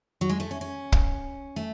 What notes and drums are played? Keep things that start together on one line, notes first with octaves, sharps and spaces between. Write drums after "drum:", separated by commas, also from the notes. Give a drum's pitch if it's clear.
F#3
G#3
A3
C#4
C#4
drum: kick
A3